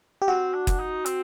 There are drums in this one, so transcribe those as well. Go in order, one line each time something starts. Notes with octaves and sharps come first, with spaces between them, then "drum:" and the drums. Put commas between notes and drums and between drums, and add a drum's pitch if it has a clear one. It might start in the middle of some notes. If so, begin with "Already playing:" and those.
G4
C4 F#4
D4
drum: kick F#1, hi-hat
D#4
C4, drum: hi-hat